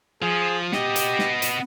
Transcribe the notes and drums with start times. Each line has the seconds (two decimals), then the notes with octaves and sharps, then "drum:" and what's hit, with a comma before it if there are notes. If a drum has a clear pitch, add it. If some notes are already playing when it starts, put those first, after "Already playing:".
0.22 F3 G#4
0.72 B3 G4 D#5, drum: snare
0.96 drum: hi-hat
1.19 drum: snare
1.42 drum: hi-hat